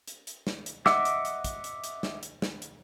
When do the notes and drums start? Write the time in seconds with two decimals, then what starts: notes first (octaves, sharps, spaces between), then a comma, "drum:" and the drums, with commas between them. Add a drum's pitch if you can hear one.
0.08 drum: hi-hat
0.27 drum: hi-hat
0.47 drum: snare
0.66 drum: hi-hat
0.86 D#5 E5 F#5 D6 E6, drum: snare
1.05 drum: hi-hat
1.25 drum: hi-hat
1.44 drum: kick, hi-hat
1.64 drum: hi-hat
1.84 drum: hi-hat
2.03 drum: snare
2.23 drum: hi-hat
2.42 drum: snare
2.62 drum: hi-hat